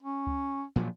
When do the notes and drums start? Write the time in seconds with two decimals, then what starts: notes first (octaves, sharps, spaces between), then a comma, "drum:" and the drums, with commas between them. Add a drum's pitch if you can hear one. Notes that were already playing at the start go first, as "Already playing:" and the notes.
0.03 C#4
0.27 drum: kick C#2
0.76 A#2 F3 F#3